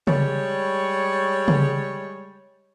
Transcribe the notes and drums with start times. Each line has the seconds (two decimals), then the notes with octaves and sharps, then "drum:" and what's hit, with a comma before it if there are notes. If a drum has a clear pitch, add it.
0.07 G3 G#3 C#5, drum: tom C#3
1.48 drum: tom C#3